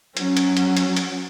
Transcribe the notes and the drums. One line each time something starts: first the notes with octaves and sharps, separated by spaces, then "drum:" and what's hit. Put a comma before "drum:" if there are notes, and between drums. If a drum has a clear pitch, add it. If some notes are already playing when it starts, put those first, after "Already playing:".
F#3 C#4, drum: hi-hat
drum: hi-hat
drum: hi-hat
drum: hi-hat
drum: hi-hat